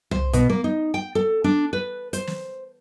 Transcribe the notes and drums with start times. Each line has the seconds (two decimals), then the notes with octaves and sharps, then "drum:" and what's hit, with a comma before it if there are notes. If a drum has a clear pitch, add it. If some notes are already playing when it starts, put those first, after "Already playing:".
0.11 C5, drum: tom
0.33 B2, drum: hi-hat
0.50 A#3
0.64 D#4
0.94 G5
1.15 A4
1.44 D4
1.73 B4
2.13 C5, drum: hi-hat
2.27 drum: snare